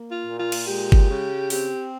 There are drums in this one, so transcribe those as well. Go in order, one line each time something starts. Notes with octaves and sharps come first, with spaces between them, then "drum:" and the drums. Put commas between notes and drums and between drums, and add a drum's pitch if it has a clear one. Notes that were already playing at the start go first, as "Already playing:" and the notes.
Already playing: A#3
F4
A#2
F4
drum: cymbal
G#3 G4
drum: kick G1
C#3
C4 G4, drum: open hi-hat